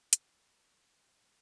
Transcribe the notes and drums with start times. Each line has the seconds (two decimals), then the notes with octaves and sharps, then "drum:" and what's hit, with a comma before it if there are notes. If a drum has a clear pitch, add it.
0.13 G#5 A5 B5, drum: hi-hat
0.26 F#3 C#4 G4
0.51 A4 B4 D5 G5 B5
0.71 E3 G3 A4 D5 G5 B5
0.87 G3
1.06 D5 B5 C6